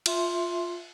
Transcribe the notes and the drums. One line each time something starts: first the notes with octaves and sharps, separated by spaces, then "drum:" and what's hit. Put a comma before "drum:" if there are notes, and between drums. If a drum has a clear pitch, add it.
F4 E5 C6, drum: cymbal